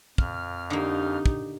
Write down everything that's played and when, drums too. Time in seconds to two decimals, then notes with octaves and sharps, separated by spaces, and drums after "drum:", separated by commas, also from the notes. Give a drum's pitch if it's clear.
0.18 F2 F6, drum: kick
0.70 D3 A#3 D#4 G4
1.26 drum: kick